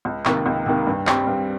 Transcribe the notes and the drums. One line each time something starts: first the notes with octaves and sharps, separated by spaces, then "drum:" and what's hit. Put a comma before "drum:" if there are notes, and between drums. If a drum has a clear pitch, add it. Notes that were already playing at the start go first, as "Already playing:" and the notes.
C#2
C3 D#3 A#3, drum: clap
C#2
C3 D#3 A#3
G2
G3 C4, drum: clap
G2